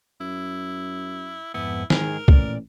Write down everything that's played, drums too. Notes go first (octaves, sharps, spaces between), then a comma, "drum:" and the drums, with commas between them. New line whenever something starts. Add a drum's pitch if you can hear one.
F#2 E4
F2 G#2 B3 E4
G#2 D#3 G#4 A#4, drum: snare
A1 A#2 D5, drum: kick C2